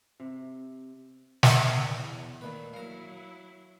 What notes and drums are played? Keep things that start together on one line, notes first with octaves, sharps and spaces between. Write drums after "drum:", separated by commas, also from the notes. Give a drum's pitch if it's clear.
C3
drum: snare
E2
A#2 D#3 A3 B4
F#3 E4 F5 A#5